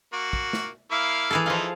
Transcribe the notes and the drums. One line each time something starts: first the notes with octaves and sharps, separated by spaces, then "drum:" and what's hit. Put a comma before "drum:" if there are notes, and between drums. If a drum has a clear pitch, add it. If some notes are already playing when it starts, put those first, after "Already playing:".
A#3 F#4
drum: kick
drum: snare
A#3 E4 F5
E3 G#4 A4
E3 F3 D#4 F5